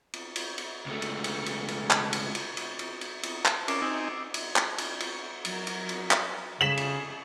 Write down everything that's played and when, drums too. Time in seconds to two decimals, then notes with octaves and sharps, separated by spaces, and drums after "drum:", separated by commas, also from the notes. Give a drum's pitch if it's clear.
0.13 drum: cymbal
0.36 drum: cymbal
0.58 drum: cymbal
0.86 C#2 A3
1.02 drum: cymbal
1.24 drum: cymbal
1.46 drum: cymbal
1.68 drum: cymbal
1.90 drum: clap
2.13 drum: cymbal
2.35 drum: cymbal
2.57 drum: cymbal
2.79 drum: cymbal
3.01 drum: cymbal
3.23 drum: cymbal
3.45 drum: clap
3.68 C#4 A#4 D6 C7 D7, drum: cymbal
3.82 C4 D#4 G#5 D#6 E6
4.34 drum: cymbal
4.56 drum: clap
4.78 drum: cymbal
5.00 drum: cymbal
5.45 F#3 A#4, drum: cymbal
5.67 drum: cymbal
5.89 drum: cymbal
6.11 drum: clap
6.61 C#3 G#4 A4 B6 E7 F#7
6.77 drum: cymbal